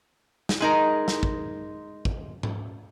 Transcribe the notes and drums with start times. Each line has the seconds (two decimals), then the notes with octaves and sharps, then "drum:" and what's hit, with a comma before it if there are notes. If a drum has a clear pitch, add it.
0.49 drum: snare
0.60 G#3 D#4 A#4
1.08 drum: snare
1.23 drum: kick
2.05 drum: kick
2.43 drum: tom G#2